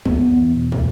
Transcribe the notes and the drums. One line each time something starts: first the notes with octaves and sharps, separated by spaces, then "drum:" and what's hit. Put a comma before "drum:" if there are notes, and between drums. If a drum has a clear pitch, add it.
E2 B3, drum: kick
E2
B2
drum: kick